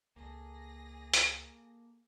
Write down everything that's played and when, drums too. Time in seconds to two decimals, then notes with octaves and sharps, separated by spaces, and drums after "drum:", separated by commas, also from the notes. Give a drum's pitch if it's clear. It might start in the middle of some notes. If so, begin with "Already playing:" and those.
0.16 C#2 A#3 G#4 A4 A#6
1.14 drum: hi-hat